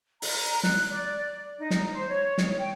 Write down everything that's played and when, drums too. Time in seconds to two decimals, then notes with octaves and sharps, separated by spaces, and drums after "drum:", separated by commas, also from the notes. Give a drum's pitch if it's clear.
0.22 A#5, drum: open hi-hat
0.63 F#6, drum: snare
0.91 D5
1.58 D#4
1.70 drum: snare
1.92 C5
2.09 C#5
2.38 drum: snare
2.58 G5